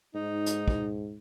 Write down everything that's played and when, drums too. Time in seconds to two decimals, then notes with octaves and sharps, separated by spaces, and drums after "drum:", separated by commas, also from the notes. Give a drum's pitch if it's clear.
0.15 G#2 D#4
0.46 drum: hi-hat
0.68 drum: kick